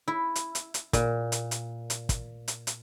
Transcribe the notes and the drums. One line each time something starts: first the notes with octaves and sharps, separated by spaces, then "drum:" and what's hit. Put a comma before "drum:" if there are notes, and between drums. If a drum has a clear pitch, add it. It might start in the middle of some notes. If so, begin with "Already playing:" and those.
E4
drum: hi-hat
drum: hi-hat
drum: hi-hat
A#2, drum: kick, hi-hat
drum: hi-hat
drum: hi-hat
drum: hi-hat
drum: kick, hi-hat
drum: hi-hat
drum: hi-hat